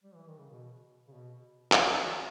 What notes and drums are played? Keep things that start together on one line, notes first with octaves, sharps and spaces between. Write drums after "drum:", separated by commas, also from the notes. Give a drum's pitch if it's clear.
G3
E3
D#3
C#3
B2
C#3
B2
B2, drum: clap
C#3
D#3
E3